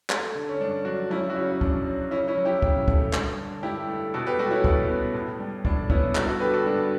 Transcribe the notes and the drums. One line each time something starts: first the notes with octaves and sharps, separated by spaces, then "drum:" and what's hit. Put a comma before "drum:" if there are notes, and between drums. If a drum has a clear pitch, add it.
A3, drum: clap
D3
C#4
G2 D4
F#3 D4 F#4
F#2 C#4 E4
F#4
C#3 C#4 E4
C#4
F#2 D4, drum: kick
F#3
C#3 C#4 E4
C#4 E4
F#3
E4 G4
C#3, drum: kick
A3, drum: kick
G2, drum: clap
D3
G2 E4 G4
A3
B2 F#4 A4
G4 B4
G3 F#4 A4
C#4 E4
B2, drum: kick
B3
A2
G3
A2 D4, drum: kick
B3 C#4 E4, drum: kick
G2 F#4 A4, drum: clap
F#4 A4
D3 G4 B4
F#4 A4
G2 D4 F#4